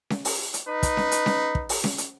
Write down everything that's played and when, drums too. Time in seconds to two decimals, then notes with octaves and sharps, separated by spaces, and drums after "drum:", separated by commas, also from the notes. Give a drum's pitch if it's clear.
0.10 drum: snare C#4
0.25 drum: open hi-hat
0.54 drum: hi-hat
0.68 D#4 B4
0.83 drum: kick, hi-hat
0.97 drum: snare C#4
1.11 drum: hi-hat
1.26 drum: snare C#4
1.55 drum: kick
1.69 drum: open hi-hat
1.84 drum: snare C#4
1.98 drum: hi-hat